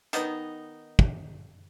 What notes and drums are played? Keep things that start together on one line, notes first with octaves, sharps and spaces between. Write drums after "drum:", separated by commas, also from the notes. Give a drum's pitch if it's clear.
D#3 B3 D#4, drum: hi-hat
drum: kick